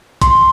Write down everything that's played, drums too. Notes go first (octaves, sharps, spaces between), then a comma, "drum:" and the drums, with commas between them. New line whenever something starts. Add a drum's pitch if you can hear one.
C6, drum: kick, hi-hat